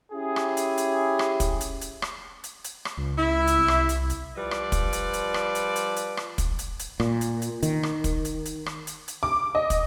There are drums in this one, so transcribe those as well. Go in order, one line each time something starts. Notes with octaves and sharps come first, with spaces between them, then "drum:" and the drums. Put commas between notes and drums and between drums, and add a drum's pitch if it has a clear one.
C#4 E4 G4 G#4
drum: rim click
drum: hi-hat
drum: hi-hat
drum: rim click
drum: kick, hi-hat
drum: hi-hat
drum: hi-hat
drum: rim click
drum: hi-hat
drum: hi-hat
drum: rim click
C#2
E4
drum: hi-hat
C2
drum: rim click
drum: hi-hat
drum: hi-hat
F3 G3 B4 D5
drum: rim click
drum: kick, hi-hat
drum: hi-hat
drum: hi-hat
drum: rim click
drum: hi-hat
drum: hi-hat
drum: hi-hat
drum: rim click
drum: kick, hi-hat
drum: hi-hat
drum: hi-hat
A#2, drum: rim click
drum: hi-hat
drum: hi-hat
D#3, drum: hi-hat
drum: rim click
drum: kick, hi-hat
drum: hi-hat
drum: hi-hat
drum: rim click
drum: hi-hat
drum: hi-hat
D6
D#5
drum: kick, hi-hat